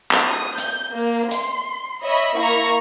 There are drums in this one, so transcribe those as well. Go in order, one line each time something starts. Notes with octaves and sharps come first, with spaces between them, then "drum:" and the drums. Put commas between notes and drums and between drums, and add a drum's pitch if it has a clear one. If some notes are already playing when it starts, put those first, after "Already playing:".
drum: clap
D#6
G6, drum: hi-hat
A#3
C6, drum: hi-hat
C#5 D#5 E5 B5
A#3 E4 A#5 C#6